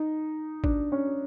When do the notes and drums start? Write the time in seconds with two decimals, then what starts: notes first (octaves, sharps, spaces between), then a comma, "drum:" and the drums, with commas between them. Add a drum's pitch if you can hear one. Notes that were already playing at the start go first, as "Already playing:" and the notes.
Already playing: D#4
0.64 D4, drum: kick G#1
0.92 C#4